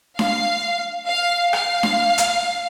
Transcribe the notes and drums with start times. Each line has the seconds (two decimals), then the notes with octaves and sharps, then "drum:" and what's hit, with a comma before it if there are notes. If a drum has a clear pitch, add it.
0.19 F5, drum: snare D4
1.08 F5
1.53 F5, drum: rim click
1.83 drum: snare D4
2.18 drum: hi-hat